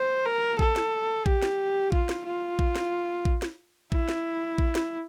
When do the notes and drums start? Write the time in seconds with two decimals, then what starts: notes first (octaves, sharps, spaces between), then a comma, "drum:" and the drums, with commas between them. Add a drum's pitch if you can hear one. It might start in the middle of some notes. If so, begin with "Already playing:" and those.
Already playing: C5
0.26 A#4
0.59 A4, drum: kick A#1
0.76 drum: snare
1.26 G4, drum: kick A#1
1.42 drum: snare
1.92 F4, drum: kick A#1
2.09 drum: snare
2.26 F4
2.59 drum: kick A#1
2.75 drum: snare
3.25 drum: kick A#1
3.42 drum: snare
3.92 E4, drum: kick A#1
4.09 drum: snare
4.58 drum: kick A#1
4.75 drum: snare